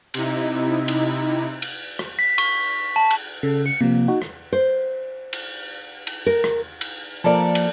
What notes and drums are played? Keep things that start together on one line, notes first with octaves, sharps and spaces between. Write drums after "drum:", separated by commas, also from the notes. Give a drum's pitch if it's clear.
C3 D#4 E4, drum: cymbal
drum: cymbal
drum: cymbal
drum: rim click
B6
C#6, drum: cymbal
A5
drum: cymbal
C#3 A4
C#7
C3 F3 A#3
D#4 F#4
drum: rim click
C5
drum: cymbal
drum: cymbal
A#4
drum: rim click
drum: cymbal
F3 A#3 A4 A#4 D5
drum: cymbal